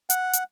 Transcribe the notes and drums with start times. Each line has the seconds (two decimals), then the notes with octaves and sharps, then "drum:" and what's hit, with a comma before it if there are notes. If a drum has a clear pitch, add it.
0.10 F#5, drum: hi-hat
0.33 drum: hi-hat